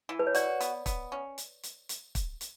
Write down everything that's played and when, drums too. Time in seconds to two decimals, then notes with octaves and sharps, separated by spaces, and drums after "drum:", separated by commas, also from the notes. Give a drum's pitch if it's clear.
0.09 E3
0.19 B4
0.27 C#5
0.35 F#4 D5, drum: hi-hat
0.60 B3, drum: hi-hat
0.86 B3, drum: kick, hi-hat
1.12 C#4
1.38 drum: hi-hat
1.63 drum: hi-hat
1.89 drum: hi-hat
2.15 drum: kick, hi-hat
2.41 drum: hi-hat